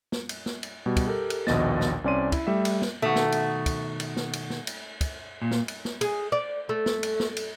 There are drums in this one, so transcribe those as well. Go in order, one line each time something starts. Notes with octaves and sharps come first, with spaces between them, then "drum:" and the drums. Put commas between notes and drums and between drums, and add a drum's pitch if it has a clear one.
drum: snare
drum: cymbal
drum: snare
drum: cymbal
B2 G3
drum: kick, cymbal
G4 A4 A#4
drum: cymbal
A#1 D#2 B2 D#5 A6, drum: snare
drum: snare
C2 C4 C#4 D5 C6 D#7
E4, drum: kick, cymbal
G3 A3 E5
drum: cymbal
drum: snare
B2 D#3 A3 F#4
drum: snare
drum: cymbal
drum: kick, cymbal
drum: cymbal
drum: snare
drum: cymbal
drum: snare
drum: cymbal
drum: kick, cymbal
A#2
drum: snare
drum: cymbal
drum: snare
G#4, drum: cymbal
D5
A3
drum: snare
drum: cymbal
drum: snare
drum: cymbal